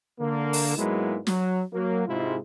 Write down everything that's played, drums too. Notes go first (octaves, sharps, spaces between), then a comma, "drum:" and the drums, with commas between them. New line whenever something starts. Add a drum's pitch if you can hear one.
D3 A#3
drum: open hi-hat
G#2 F#3 G#3 A#3 B3 E4
F#3, drum: snare
F#3 A#3
G#2 C3 G#3 E4 F4